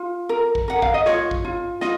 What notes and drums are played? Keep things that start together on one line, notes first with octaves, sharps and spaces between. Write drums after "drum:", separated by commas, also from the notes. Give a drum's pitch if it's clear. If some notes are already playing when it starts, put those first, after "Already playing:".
Already playing: F4
A#4
drum: kick
A#4 F#5
F5, drum: kick
D#5
F4 C#5, drum: snare
drum: kick
F4
F4 D#5, drum: snare